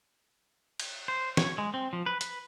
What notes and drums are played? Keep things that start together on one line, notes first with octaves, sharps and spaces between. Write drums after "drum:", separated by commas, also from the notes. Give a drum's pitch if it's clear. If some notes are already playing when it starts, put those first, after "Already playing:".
drum: cymbal
C5
C#5, drum: snare
G#3
C4
F3
B4
B4, drum: hi-hat